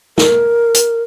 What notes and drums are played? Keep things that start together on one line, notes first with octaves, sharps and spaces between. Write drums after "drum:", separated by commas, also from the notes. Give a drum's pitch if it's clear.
A#4, drum: snare
drum: hi-hat